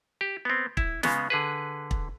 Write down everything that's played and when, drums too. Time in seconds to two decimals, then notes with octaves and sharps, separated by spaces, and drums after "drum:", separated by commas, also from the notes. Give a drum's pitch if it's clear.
0.21 G4
0.45 B3 C4
0.77 E4, drum: kick
1.03 C#3 G#3 B3, drum: snare
1.30 D3 G#4 B4
1.91 drum: kick